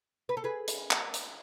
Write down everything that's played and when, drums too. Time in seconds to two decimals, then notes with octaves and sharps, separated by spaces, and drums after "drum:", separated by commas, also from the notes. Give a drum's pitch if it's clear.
0.29 B4
0.37 A4
0.44 G#4 B4
0.68 drum: hi-hat
0.91 drum: clap
1.14 drum: hi-hat